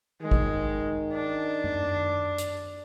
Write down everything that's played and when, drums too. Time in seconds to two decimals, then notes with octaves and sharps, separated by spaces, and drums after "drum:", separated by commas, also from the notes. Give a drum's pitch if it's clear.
0.22 D#3 G#3
0.31 drum: kick
1.13 D4
1.64 drum: tom F#2
2.38 drum: hi-hat